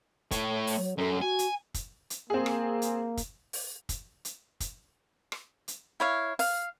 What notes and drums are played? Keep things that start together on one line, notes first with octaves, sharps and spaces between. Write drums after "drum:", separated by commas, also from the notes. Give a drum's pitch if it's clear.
A3 C#5, drum: kick, hi-hat
drum: open hi-hat
F#3
F#2 A4
F#4 G#5
drum: hi-hat
drum: kick, hi-hat
drum: hi-hat
A#3 C4 G#4
drum: rim click
drum: hi-hat
drum: kick, hi-hat
drum: open hi-hat
drum: kick, hi-hat
drum: hi-hat
drum: kick, hi-hat
drum: rim click
drum: hi-hat
E4 C#5 F5
F5, drum: open hi-hat